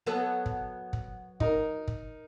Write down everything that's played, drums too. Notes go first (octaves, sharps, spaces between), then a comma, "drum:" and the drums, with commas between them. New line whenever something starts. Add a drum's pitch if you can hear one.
F#3 B3 A4
drum: kick
drum: kick
D#4 A#4, drum: kick
drum: kick